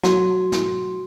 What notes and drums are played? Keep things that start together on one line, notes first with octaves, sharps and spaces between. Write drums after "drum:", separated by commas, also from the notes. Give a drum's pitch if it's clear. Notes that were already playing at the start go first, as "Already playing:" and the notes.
F#3 F#4, drum: snare
drum: snare